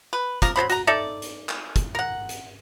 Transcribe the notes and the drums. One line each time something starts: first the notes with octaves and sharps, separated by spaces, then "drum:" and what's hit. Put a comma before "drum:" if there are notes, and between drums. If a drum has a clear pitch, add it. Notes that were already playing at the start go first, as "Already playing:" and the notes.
B4
F3 A#3 A#4, drum: kick, hi-hat
F#3 A4 C5 B5
F#4 A#5, drum: hi-hat
D#4 A4 D5 E5
drum: hi-hat
drum: clap
drum: kick, hi-hat
A#4 F#5
drum: hi-hat